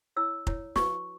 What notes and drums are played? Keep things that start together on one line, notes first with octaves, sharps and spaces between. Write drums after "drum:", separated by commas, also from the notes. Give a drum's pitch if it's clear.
E4 C#5 E6
E4 C#5, drum: kick F1
F#4 B4 C#6, drum: snare